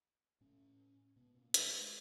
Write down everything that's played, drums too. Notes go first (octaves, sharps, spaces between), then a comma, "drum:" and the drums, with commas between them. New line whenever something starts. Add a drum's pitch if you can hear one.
A2 C#4
B2 B3
A#3
A3, drum: hi-hat
G#3